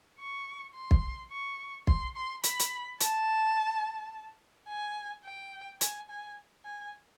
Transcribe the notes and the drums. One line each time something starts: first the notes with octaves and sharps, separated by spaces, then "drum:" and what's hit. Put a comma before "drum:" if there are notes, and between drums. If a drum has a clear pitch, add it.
C#6
C6
drum: kick
C#6
C6, drum: kick
C6
B5, drum: hi-hat
drum: hi-hat
A5, drum: hi-hat
G#5
G5
G#5, drum: hi-hat
G#5
G#5